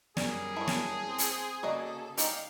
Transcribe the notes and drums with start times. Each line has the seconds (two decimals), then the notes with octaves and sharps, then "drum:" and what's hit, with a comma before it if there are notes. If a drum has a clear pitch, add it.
0.17 F#2 G3 G#4 A#4 D5 G#5, drum: snare
0.57 E4 C#5 A5
0.68 drum: snare
1.05 C4 C6
1.18 drum: hi-hat
1.63 C#3 A#3 F#4 A4 D5 D#5
2.18 G#3 D#4 G4 F5, drum: hi-hat